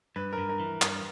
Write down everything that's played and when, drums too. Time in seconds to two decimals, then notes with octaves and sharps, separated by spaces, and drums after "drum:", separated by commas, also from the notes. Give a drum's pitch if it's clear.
0.16 G2 B4
0.33 A#4
0.38 G2
0.49 A#4
0.60 E3
0.82 G2, drum: clap